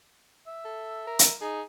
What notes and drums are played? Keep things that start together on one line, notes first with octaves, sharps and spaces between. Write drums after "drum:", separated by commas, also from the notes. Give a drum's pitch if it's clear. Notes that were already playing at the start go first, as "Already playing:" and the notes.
E5
A4
A#4
drum: hi-hat
D#4 G#4